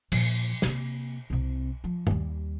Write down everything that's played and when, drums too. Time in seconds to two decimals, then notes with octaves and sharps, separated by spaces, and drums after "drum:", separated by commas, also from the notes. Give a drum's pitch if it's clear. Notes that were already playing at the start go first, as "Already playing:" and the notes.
0.12 A#2 F3, drum: cymbal
0.62 C3 A#3, drum: snare
1.30 C2 C3
1.84 F3
2.07 D#2 G3, drum: tom G2